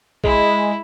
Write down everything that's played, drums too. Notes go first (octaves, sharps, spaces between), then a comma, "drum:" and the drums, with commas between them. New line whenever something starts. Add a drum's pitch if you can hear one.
G#3 E4, drum: kick A#1